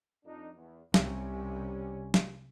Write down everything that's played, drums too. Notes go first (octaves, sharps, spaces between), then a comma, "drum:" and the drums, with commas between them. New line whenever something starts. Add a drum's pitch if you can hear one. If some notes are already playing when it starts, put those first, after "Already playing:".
F2 D4 D#4
E2
C2 C3 G3 C#4, drum: snare
drum: snare